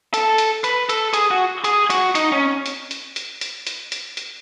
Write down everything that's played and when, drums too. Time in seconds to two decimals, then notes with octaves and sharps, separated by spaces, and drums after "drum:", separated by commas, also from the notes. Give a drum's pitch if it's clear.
0.14 A4, drum: hi-hat
0.38 drum: hi-hat
0.64 B4, drum: hi-hat
0.89 A4, drum: hi-hat
1.14 G#4, drum: hi-hat
1.31 F#4
1.64 G#4, drum: hi-hat
1.90 F#4, drum: hi-hat
2.15 D#4, drum: hi-hat
2.32 C#4
2.66 drum: hi-hat
2.91 drum: hi-hat
3.16 drum: hi-hat
3.41 drum: hi-hat
3.67 drum: hi-hat
3.92 drum: hi-hat
4.17 drum: hi-hat